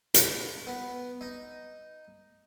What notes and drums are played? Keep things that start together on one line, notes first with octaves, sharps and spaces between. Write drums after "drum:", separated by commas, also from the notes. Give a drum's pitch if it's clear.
B5, drum: hi-hat
B3
D#4